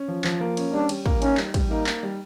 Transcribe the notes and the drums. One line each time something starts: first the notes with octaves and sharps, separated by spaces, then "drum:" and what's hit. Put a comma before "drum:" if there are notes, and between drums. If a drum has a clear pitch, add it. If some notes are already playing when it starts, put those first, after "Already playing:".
Already playing: C#4
F3
F3, drum: clap
A#3
C#4, drum: cymbal
G3 D4
G3, drum: cymbal
A#3, drum: kick
C#4 D#4, drum: cymbal
G3, drum: clap
G3, drum: kick, cymbal
A#3 D#4
D#4, drum: clap
G3